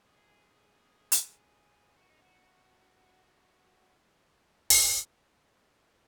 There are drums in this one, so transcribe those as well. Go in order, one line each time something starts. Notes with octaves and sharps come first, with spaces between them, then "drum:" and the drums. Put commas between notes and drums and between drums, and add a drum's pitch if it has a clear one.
G#4
drum: hi-hat
F#4
D#4
F#4
drum: open hi-hat